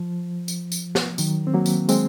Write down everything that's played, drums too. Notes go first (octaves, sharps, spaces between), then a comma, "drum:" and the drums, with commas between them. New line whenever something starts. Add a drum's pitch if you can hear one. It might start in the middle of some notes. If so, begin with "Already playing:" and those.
Already playing: F3
drum: tambourine
drum: tambourine
drum: snare
D#3 F#3, drum: tambourine
C4
F#3 A#3
drum: tambourine
G#3 C4, drum: tambourine